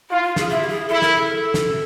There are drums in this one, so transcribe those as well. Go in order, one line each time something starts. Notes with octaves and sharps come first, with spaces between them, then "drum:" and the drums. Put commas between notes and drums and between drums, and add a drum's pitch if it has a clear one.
E4 F4
F4
G#4, drum: snare
E4 G#4
G4
G#4
E4 A4
A#4, drum: snare
A4
drum: snare